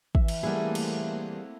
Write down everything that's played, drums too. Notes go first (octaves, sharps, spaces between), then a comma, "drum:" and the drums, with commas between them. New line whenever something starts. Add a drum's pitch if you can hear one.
E3 E5, drum: kick
drum: cymbal
G3 A3 A#3 C4 E4 G#4 F#5 A5
drum: cymbal